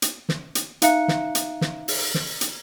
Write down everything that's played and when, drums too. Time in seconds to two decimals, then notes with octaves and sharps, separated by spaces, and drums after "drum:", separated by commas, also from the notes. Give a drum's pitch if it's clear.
0.02 drum: hi-hat
0.29 drum: snare
0.55 drum: hi-hat
0.82 D#4 E5 F5 A#5 F#6 C#7, drum: hi-hat
1.08 drum: snare
1.35 drum: hi-hat
1.61 drum: snare
1.88 drum: open hi-hat
2.14 drum: snare
2.41 drum: hi-hat